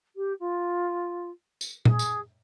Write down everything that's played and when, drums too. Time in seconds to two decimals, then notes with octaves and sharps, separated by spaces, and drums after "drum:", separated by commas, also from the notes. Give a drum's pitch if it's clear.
0.15 G4
0.39 F4
1.61 drum: tambourine
1.85 G#4, drum: tom A#2
1.99 drum: tambourine